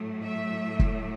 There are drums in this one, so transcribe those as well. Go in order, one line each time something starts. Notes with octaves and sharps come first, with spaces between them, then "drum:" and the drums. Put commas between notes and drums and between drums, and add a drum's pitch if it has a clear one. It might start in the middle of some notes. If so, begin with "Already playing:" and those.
Already playing: A2 F#3 A3
E5
drum: kick